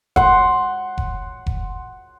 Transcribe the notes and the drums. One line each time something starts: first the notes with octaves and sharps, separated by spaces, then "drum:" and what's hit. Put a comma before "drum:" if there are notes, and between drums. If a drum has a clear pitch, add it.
F#5 C6, drum: kick F1
drum: kick F1
drum: kick F1